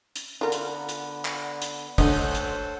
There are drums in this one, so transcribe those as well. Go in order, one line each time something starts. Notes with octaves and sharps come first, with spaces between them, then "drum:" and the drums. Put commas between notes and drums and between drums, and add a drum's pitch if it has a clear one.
drum: hi-hat
D3 B3 F4 A#4
drum: hi-hat
drum: hi-hat
drum: clap
drum: hi-hat
D2 D3 A4 C5 C#5 D#5 F#5, drum: kick, open hi-hat
drum: hi-hat